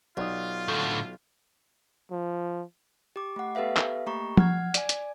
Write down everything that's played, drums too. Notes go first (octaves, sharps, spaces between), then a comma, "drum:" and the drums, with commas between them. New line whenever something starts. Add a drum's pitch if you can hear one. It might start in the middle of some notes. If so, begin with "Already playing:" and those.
B1 F4 D5 D#6
A2 D3 A4 C#6 G6
F3
G4 D6
A3 F#5
B3 G4 A4 B4 E5 F5
drum: clap
A3 A#3 G4 A#5 C#6
F#5 F6 G#6, drum: tom F3
D5 G#5, drum: hi-hat
drum: hi-hat